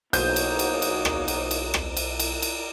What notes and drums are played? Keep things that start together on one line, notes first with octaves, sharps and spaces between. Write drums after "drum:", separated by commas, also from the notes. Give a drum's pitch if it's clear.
B1 A#3 D#4 F#4 G#4 C5 C#5 G6, drum: cymbal
drum: cymbal
drum: cymbal
drum: cymbal
drum: rim click
drum: cymbal
drum: cymbal
drum: rim click
drum: cymbal
drum: cymbal
drum: cymbal